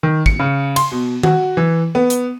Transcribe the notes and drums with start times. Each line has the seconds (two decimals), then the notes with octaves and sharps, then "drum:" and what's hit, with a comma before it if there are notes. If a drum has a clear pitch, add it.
0.03 D#3
0.26 C#7, drum: kick
0.39 C#3
0.76 C6, drum: cymbal
0.92 B2
1.23 F#4, drum: tom D#3
1.57 E3
1.95 B3
2.10 drum: hi-hat